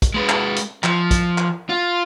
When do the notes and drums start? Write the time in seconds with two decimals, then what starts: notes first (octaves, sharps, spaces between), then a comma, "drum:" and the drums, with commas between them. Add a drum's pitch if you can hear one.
0.02 drum: kick, hi-hat
0.14 G#3 B4
0.29 drum: clap
0.56 drum: hi-hat
0.84 F3, drum: clap
1.11 drum: kick, hi-hat
1.38 drum: clap
1.69 F4